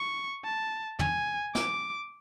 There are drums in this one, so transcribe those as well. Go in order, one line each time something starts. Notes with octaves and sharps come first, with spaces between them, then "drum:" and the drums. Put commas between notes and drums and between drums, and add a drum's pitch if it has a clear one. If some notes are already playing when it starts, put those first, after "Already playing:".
Already playing: C#6
A5
G#5, drum: tom
D6, drum: snare